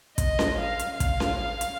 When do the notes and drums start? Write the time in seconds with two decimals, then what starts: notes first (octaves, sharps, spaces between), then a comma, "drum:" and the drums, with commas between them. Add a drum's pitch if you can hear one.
0.18 D#5, drum: kick, hi-hat
0.39 drum: snare C#4
0.59 F5
0.79 drum: hi-hat
1.00 F5, drum: kick, hi-hat
1.20 drum: snare C#4
1.61 drum: hi-hat